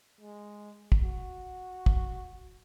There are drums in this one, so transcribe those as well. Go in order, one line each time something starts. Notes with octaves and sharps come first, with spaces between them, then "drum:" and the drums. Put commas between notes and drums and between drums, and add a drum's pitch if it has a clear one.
G#3
drum: kick
F#4
drum: kick